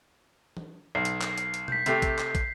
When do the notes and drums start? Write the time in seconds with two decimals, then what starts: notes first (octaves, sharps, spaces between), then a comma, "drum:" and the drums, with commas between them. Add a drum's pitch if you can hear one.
0.57 drum: tom E3
0.95 B1 C7
1.05 drum: hi-hat
1.21 drum: clap
1.38 drum: hi-hat
1.54 drum: hi-hat
1.68 G6 B6, drum: tom B2
1.86 C3 A3 G4 B6 C7, drum: hi-hat
2.02 drum: kick, hi-hat
2.18 drum: clap
2.35 drum: kick, hi-hat